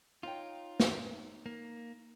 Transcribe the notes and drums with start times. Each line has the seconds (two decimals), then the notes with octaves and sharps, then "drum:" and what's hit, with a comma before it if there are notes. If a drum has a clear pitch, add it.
0.23 D#4 F4 C#5 G5
0.80 drum: snare
1.46 A#3